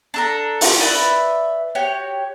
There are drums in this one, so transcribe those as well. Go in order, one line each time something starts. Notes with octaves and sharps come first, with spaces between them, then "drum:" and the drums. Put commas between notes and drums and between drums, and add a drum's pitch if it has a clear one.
D4 A4 A#5
drum: open hi-hat
B4 D5 E5 B5
F#4 G4 C#5